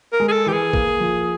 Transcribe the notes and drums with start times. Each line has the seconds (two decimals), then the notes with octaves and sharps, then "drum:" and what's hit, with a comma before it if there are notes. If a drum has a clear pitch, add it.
0.12 A#4
0.20 G#3
0.28 G#4
0.32 A4
0.46 E3 G4
0.53 G#4
0.73 A#3, drum: kick
1.00 F3